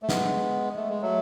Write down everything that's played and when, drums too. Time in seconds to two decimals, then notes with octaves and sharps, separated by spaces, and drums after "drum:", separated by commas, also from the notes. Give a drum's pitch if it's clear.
0.03 A3
0.09 G#3 B3, drum: snare
0.76 A3
0.89 G#3
1.02 F#3 A3